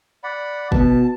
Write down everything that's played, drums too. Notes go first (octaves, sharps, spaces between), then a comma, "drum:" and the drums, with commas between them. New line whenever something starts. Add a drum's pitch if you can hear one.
D5 F#5 B5
B2 A5, drum: kick